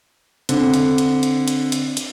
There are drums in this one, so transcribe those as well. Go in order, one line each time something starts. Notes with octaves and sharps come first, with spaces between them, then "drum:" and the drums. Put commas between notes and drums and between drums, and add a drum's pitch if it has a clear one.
D3 C4 D4, drum: hi-hat
drum: hi-hat
drum: hi-hat
drum: hi-hat
drum: hi-hat
drum: hi-hat
drum: hi-hat